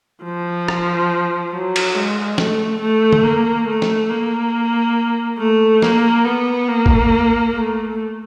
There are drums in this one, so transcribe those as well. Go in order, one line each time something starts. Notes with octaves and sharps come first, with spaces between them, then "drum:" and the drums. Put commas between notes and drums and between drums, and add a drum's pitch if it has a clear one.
F3
drum: rim click
F#3
drum: cymbal
G#3
A3, drum: snare
A3
drum: tom D3
A#3
A3
drum: snare
A#3
A3
A#3, drum: snare
B3
A#3
drum: kick
A3